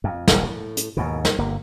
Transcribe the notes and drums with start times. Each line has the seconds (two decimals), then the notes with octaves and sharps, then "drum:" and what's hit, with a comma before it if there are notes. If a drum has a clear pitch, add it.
0.04 F2
0.28 D#1 A#1, drum: snare
0.45 A2
0.77 drum: hi-hat
0.97 D#2 G#2 B2
1.25 D#3, drum: snare
1.38 G1 A#3